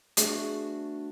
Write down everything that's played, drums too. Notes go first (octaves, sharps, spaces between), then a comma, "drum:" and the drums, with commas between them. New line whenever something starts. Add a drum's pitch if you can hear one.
A3 B3 D4 F#4 G#4, drum: hi-hat